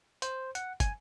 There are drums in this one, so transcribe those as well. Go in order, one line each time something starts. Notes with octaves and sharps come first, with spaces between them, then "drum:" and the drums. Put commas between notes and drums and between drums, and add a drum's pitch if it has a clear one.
C5, drum: hi-hat
F#5, drum: hi-hat
G#5, drum: kick, hi-hat